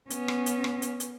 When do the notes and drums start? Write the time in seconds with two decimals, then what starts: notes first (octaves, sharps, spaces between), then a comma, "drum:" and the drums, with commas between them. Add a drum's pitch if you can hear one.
0.10 B3 C#4, drum: hi-hat
0.28 drum: rim click
0.46 drum: hi-hat
0.64 drum: rim click
0.82 drum: hi-hat
1.00 drum: hi-hat